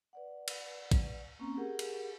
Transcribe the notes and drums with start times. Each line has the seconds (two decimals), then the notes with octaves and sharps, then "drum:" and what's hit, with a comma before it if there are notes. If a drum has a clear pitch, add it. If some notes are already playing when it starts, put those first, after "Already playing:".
0.13 B4 D5 F#5
0.48 drum: cymbal
0.91 drum: kick, cymbal
1.39 A#3 C4 C#4 A#5 C#6
1.57 G4 G#4 A#4 F#5
1.79 drum: cymbal